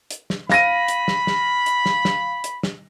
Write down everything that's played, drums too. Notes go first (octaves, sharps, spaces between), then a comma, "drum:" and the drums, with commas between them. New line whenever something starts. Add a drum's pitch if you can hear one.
drum: hi-hat
drum: snare
F5 B5 A#6 D#7, drum: snare
drum: hi-hat
drum: snare
drum: snare
drum: hi-hat
drum: snare
drum: snare
drum: hi-hat
drum: snare